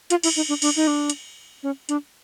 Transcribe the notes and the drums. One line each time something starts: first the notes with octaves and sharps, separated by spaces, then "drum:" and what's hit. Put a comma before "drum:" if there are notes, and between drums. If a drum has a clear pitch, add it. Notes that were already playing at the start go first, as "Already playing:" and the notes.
F4, drum: hi-hat
E4, drum: cymbal
D#4
D4
D4, drum: cymbal
D#4
D4
drum: hi-hat
C#4
D4, drum: hi-hat